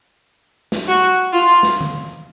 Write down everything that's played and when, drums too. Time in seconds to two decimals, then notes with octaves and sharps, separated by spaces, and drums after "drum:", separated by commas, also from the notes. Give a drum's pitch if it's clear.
0.72 drum: snare
0.88 F#4
1.32 F4
1.63 drum: snare
1.81 drum: tom D3